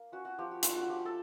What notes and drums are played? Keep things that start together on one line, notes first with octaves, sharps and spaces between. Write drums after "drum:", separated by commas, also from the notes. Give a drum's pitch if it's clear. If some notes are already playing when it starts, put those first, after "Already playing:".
Already playing: A#3
C#4 F#4
F#4
F3 G4
F#4
A3 F4, drum: hi-hat
F#4
F3 G4
A4